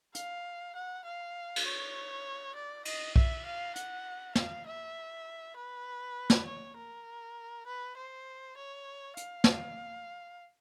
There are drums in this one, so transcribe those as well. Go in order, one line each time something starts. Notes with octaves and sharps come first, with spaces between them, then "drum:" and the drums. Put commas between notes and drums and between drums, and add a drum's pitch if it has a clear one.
F5, drum: hi-hat
F#5
F5
drum: cymbal
C#5
D5
D#5, drum: cymbal
E5, drum: kick B1
F5
F#5, drum: hi-hat
F5, drum: snare
E5
B4
drum: snare
C#5
A#4
B4
C5
C#5
F5, drum: hi-hat
drum: snare